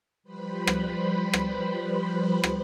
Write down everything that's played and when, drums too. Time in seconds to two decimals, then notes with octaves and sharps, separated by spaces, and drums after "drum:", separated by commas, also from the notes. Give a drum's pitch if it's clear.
0.23 F3 G3 B4 C5 B5
0.67 drum: rim click
1.33 drum: rim click
2.44 drum: rim click